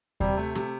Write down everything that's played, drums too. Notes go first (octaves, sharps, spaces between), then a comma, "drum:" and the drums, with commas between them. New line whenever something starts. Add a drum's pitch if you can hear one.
C3 G3, drum: kick D#2
A3
C3, drum: snare